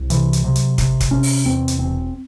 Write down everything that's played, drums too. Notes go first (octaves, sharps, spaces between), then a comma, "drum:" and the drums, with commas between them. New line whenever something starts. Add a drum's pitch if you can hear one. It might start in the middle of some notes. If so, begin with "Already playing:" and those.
Already playing: C2
C3 E3, drum: hi-hat
drum: hi-hat
C3 F#3
drum: hi-hat
C3, drum: kick, hi-hat
drum: kick, hi-hat
C3 C#4
drum: open hi-hat
E2 C4
drum: hi-hat
E1 C4